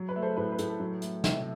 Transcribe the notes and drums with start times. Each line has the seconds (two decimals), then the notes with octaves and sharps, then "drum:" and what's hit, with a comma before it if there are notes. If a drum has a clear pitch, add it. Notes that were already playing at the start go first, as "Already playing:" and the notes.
Already playing: F#3
0.09 B4
0.16 A3
0.22 A4 C5
0.37 A2 B4
0.52 B4
0.58 A2 A4, drum: hi-hat
0.69 A4
0.80 F#3
1.02 A3, drum: hi-hat
1.24 C3, drum: snare